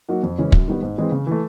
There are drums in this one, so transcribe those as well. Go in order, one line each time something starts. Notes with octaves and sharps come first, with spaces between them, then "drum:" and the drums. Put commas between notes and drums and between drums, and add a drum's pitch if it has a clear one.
F#3 A#3 D#4 F#4
F2
C#3 E3 G#3 C#4
F#2, drum: kick
D#3 G3 B3
G#2
E3 G#3 C4
C#3
E3 A3